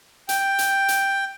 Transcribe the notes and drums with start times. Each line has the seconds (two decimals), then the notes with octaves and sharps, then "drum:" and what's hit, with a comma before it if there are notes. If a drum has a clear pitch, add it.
0.29 G5, drum: hi-hat
0.59 drum: hi-hat
0.88 drum: hi-hat